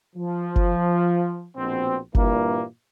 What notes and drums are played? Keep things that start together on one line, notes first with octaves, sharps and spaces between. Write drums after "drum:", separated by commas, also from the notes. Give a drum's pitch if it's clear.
F3
drum: kick F#1
A#1 B2 C4
G2 A#2 E3 G3 A#3, drum: kick F#1